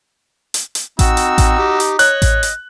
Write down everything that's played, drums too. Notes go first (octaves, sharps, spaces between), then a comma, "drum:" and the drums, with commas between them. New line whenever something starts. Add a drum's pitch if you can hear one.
drum: hi-hat
drum: hi-hat
C4 D#4 F#4 E6, drum: kick A1, hi-hat
drum: hi-hat
drum: kick A1, hi-hat
G4
drum: hi-hat
C#5 D#5 F#6, drum: hi-hat
drum: kick A1, hi-hat
drum: hi-hat